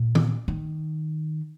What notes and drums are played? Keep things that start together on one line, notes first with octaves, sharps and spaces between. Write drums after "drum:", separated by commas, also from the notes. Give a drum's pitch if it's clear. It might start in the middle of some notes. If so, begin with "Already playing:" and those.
Already playing: A#2
drum: tom D#3
D#3